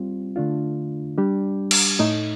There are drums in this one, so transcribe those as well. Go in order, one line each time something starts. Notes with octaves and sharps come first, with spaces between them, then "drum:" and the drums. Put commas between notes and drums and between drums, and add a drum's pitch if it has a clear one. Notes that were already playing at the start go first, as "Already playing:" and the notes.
Already playing: G3 C4 F4
D3 A3 D4 F4
G3 D4 G4
drum: cymbal
A2 A3 D#4